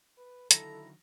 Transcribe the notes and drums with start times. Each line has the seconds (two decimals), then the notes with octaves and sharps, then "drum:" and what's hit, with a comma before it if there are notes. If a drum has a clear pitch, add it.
0.18 B4
0.51 D3 D#3 F#3 E4 A4 A#5, drum: hi-hat